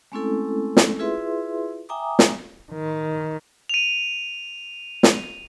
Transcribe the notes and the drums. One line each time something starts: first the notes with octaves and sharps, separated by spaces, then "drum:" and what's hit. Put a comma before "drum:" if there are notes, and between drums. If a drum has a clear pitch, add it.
G#3 A3 C4 C#4 E4 A4
drum: snare
E4 F4 G#4 B4 E5 C6
E5 G5 G#5 A#5 D6 D#6
drum: snare
D#3
D#7 F7
drum: snare